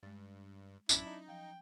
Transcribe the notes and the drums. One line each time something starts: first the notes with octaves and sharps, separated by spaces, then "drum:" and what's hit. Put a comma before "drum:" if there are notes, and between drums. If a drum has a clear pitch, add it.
G2 G#3 A6
A1 F#2 F#3 C#4 D4 E4 E6, drum: tambourine
D#4
F3 F5 G5